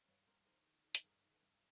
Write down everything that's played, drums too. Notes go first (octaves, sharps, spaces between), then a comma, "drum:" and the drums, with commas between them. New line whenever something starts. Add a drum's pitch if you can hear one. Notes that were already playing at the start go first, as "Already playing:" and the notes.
G2 B4 C#5
G2 A#4 C5
D#3 A#4 C5
D#3
D#3
drum: hi-hat
G2 G#4 A#4
D#3
A4 B4
G2